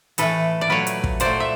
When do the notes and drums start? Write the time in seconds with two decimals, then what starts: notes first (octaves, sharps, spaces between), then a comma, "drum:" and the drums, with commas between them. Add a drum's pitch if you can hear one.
0.18 A2 E3 A3 A4 B4, drum: hi-hat
0.61 D5
0.67 A#2 F#3 A3 B4 C#5
0.87 drum: hi-hat
1.04 drum: kick
1.20 A#2 F#3 A3 C5 D5, drum: hi-hat
1.40 E5